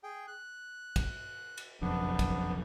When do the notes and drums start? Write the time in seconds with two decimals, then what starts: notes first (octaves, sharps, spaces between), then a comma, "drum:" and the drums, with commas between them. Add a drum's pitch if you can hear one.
0.03 G#4 G5
0.27 F#6
0.96 drum: kick, cymbal
1.57 drum: cymbal
1.81 F#1 B1 F2 B3 D4
2.19 drum: kick, cymbal